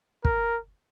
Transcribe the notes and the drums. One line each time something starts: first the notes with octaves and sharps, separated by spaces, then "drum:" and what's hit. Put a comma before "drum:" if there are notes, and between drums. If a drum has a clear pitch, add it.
A#4, drum: kick